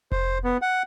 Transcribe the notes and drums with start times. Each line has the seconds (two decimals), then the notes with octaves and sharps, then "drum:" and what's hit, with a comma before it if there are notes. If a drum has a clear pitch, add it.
0.12 C5, drum: kick F1
0.44 B3
0.62 F#5